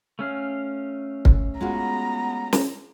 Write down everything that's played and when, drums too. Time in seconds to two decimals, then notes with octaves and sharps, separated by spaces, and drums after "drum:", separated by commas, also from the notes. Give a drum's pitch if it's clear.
0.19 A3 C#4 F5
1.25 drum: kick
1.60 G#3 B3 F4 F#4 A#5
2.53 drum: snare